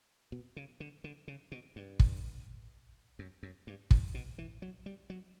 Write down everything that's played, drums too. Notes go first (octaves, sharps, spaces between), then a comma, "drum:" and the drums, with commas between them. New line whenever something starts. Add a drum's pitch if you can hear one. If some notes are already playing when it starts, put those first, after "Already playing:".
B2
C#3
D3
D3
C#3
B2
G2
drum: kick
F#2
F#2
G2
A2, drum: kick
B2
E3
F#3
G3
F#3